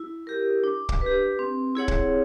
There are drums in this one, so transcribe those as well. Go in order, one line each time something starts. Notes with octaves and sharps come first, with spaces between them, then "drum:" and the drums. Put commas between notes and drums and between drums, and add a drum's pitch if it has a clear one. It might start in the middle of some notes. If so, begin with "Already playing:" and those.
Already playing: E4
G4 A#4
D4
drum: kick
B4
G4
C4
E4 G#4 C#5 F#5
drum: kick